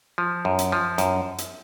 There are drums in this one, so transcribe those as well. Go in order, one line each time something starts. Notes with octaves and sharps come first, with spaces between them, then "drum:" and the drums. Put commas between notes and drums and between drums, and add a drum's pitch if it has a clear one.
F3
F#2
drum: hi-hat
F3
F#2, drum: hi-hat
drum: hi-hat